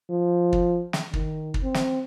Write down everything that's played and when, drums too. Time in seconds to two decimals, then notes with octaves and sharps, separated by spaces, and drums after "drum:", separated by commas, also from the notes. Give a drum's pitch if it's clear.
0.10 F3
0.53 drum: kick
0.93 drum: snare
1.13 D#3, drum: kick
1.54 drum: kick
1.64 C4
1.74 drum: snare